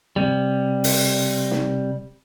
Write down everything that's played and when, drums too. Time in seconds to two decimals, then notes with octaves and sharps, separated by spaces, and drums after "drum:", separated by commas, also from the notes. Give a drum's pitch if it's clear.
0.16 C3 G3
0.84 drum: open hi-hat
1.51 drum: snare